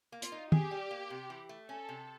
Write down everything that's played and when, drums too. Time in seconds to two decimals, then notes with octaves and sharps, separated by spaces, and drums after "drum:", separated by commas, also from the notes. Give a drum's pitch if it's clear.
0.12 A#3
0.22 F4, drum: hi-hat
0.32 D#4
0.52 G4 G#4, drum: tom
0.71 G3
0.91 A#3
1.10 C3
1.30 E3
1.49 A3
1.69 C#4 A4
1.89 C3